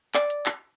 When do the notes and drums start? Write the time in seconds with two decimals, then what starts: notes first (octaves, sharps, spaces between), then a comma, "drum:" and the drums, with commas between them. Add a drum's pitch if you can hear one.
0.14 D5, drum: clap
0.30 drum: hi-hat
0.46 drum: clap